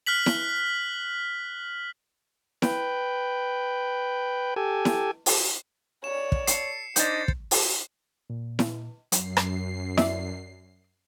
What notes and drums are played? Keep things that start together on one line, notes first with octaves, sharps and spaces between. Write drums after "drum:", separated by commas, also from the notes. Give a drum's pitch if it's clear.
F6 F#6 B6 F#7
drum: snare E4
B4 G5, drum: snare E4
G4 A4 G#5
drum: snare E4
drum: open hi-hat
C#5 D5 E7
drum: kick
A4 C7 C#7, drum: hi-hat
D4 D#4 C5 D5 G6 A6, drum: hi-hat
drum: kick
drum: open hi-hat
A#2
drum: snare E4
F#2 F#3 C7, drum: hi-hat
drum: rim click
D5 E5, drum: snare E4